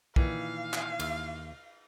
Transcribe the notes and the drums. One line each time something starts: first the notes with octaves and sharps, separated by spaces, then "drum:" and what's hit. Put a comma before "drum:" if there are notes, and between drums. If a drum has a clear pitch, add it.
A#2 D#3 E3 F5, drum: kick
drum: clap
D#2 E5, drum: cymbal